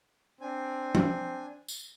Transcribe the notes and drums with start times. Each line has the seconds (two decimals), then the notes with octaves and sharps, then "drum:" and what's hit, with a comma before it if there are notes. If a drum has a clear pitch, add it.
0.41 C4 D4 G#5
0.95 drum: tom F3
1.68 drum: tambourine